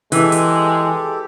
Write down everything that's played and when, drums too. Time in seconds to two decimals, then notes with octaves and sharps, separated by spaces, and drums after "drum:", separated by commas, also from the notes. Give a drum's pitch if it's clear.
0.12 E3 G#3 G4 A4, drum: hi-hat
0.32 drum: hi-hat